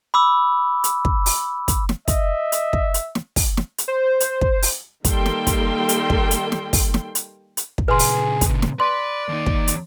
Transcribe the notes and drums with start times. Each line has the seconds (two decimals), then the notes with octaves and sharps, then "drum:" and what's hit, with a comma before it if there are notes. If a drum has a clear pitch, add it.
0.14 B5 D6 E6
0.84 drum: hi-hat
1.05 drum: kick
1.26 drum: open hi-hat
1.68 drum: kick, hi-hat
1.89 drum: snare
2.08 D#5 E5, drum: kick, hi-hat
2.52 drum: hi-hat
2.73 drum: kick
2.94 drum: hi-hat
3.15 drum: snare
3.36 drum: kick, open hi-hat
3.57 drum: snare
3.78 drum: hi-hat
3.88 C5
4.20 drum: hi-hat
4.41 drum: kick
4.62 drum: open hi-hat
5.05 D#3 G3 A#3 A4 G5 C6, drum: kick, hi-hat
5.26 drum: snare
5.47 drum: kick, hi-hat
5.89 drum: hi-hat
6.10 drum: kick
6.31 drum: hi-hat
6.52 drum: snare
6.73 drum: kick, open hi-hat
6.94 drum: snare
7.15 drum: hi-hat
7.57 drum: hi-hat
7.78 drum: kick
7.88 A#2 C#3 G#4 B4 C6
7.99 drum: open hi-hat
8.41 drum: kick, hi-hat
8.62 drum: snare
8.80 B4 D5 C6
9.29 D#2 D#4
9.46 drum: kick
9.67 drum: hi-hat